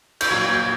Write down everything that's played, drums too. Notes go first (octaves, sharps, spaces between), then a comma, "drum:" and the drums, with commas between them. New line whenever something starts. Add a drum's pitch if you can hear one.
G6, drum: cymbal
A#2 F#3 A#3 G#6
G6